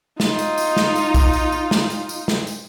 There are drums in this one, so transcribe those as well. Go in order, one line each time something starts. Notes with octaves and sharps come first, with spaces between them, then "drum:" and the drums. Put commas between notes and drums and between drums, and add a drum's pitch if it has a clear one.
D#4 F4, drum: snare
drum: tambourine
drum: tambourine
drum: snare
drum: tambourine
drum: kick B1, tambourine
drum: tambourine
drum: tambourine
drum: snare
drum: tambourine
drum: tambourine
drum: snare
drum: tambourine